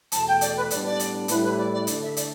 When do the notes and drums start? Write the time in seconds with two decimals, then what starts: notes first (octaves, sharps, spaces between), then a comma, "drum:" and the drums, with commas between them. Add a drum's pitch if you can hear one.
0.12 E2 B2 A3 A5, drum: hi-hat
0.27 G5
0.41 D5, drum: hi-hat
0.56 B4
0.70 A2 G3 B3 D4 D5, drum: hi-hat
0.85 D5
0.99 drum: hi-hat
1.28 A2 G3 E4 B4, drum: hi-hat
1.43 B4
1.57 D5
1.73 D5
1.87 D3 A3 D4 D5, drum: hi-hat
2.02 E5
2.17 D5, drum: hi-hat